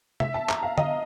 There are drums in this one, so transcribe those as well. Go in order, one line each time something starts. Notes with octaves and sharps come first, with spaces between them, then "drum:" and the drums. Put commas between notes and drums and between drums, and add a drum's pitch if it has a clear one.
E5, drum: tom C3
A5
A#5, drum: clap
F5
D#5, drum: tom D3